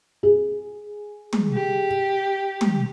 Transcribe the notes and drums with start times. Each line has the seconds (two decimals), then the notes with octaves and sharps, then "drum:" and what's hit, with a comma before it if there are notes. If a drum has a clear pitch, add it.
0.23 G#4
1.33 drum: tom
1.54 G4
2.61 drum: tom